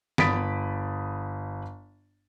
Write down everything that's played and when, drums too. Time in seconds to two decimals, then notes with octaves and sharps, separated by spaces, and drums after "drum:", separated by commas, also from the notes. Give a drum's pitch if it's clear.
0.18 G1 B5 D#6 A6 B6 D7, drum: snare